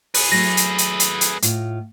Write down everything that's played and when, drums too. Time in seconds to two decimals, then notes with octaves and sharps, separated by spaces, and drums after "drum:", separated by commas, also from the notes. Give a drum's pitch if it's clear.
0.14 G#4 B4, drum: open hi-hat
0.32 F#3 A3 A#6
0.57 drum: hi-hat
0.78 drum: hi-hat
1.00 drum: hi-hat
1.21 drum: hi-hat
1.42 A2 F4, drum: hi-hat